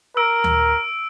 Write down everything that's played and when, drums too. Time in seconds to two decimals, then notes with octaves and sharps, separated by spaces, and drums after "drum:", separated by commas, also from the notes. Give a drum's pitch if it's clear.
0.17 A#4 E6 D7
0.44 drum: tom D2